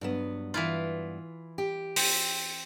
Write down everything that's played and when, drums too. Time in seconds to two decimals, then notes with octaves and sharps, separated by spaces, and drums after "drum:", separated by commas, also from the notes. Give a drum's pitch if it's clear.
0.01 G2 F#3 B3
0.54 E3 E4 F4
1.58 G4
1.96 C4, drum: open hi-hat